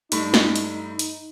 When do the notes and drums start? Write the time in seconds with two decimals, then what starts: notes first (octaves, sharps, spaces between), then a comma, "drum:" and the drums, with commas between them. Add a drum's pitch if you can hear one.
0.12 G2 A3 D#4 B5, drum: hi-hat
0.34 drum: snare
0.56 drum: hi-hat
0.99 drum: hi-hat